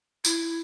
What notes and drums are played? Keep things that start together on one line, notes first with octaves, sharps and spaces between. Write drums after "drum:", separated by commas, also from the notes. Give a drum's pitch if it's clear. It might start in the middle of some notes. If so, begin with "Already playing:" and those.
E4, drum: tambourine